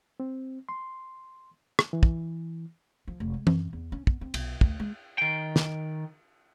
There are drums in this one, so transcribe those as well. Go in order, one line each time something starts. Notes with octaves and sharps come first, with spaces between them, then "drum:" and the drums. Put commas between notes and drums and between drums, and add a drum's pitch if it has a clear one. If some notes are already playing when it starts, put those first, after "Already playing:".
C4
C6
drum: rim click
E3
drum: kick
F3
F1
G#3
F#2, drum: tom E3
E2
C#4
B3, drum: kick
C4
B1, drum: cymbal
D2, drum: kick
G#3
D#3 G5
drum: snare